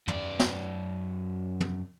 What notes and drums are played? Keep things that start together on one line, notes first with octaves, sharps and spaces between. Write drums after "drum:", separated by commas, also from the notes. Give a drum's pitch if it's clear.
F#2 D5, drum: tom
drum: snare
drum: tom